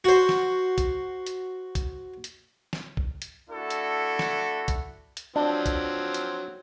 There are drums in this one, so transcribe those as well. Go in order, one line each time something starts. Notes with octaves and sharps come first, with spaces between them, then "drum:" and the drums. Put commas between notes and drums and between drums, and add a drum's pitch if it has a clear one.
F#4 C5
drum: snare
drum: kick, hi-hat
drum: hi-hat
drum: kick, hi-hat
drum: hi-hat
drum: snare
drum: kick
drum: hi-hat
A3 D4 E4 F#4 A4
drum: hi-hat
drum: snare
drum: kick, hi-hat
drum: hi-hat
F3 F#3 C4 D4
drum: kick, hi-hat
drum: hi-hat